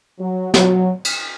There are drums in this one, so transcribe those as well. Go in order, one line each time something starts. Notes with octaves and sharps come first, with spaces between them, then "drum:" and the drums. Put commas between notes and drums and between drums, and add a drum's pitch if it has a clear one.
F#3
F#3, drum: snare
drum: cymbal